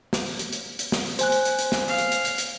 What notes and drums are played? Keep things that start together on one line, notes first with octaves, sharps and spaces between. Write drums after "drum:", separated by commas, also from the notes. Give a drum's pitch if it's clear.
drum: snare
drum: open hi-hat
drum: hi-hat
drum: hi-hat
drum: hi-hat
drum: snare
drum: open hi-hat
C5 G#5 F#6, drum: hi-hat
drum: hi-hat
drum: hi-hat
drum: hi-hat
drum: snare
F5, drum: open hi-hat
drum: hi-hat
drum: hi-hat
drum: hi-hat
drum: hi-hat